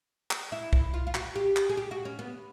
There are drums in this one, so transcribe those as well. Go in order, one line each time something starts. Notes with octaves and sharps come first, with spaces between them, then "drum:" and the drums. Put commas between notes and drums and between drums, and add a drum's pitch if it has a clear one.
drum: clap
E4
drum: kick B1
F4
F4
F#4, drum: clap
G4
drum: clap
G#4
G4
F#4
C#4
B3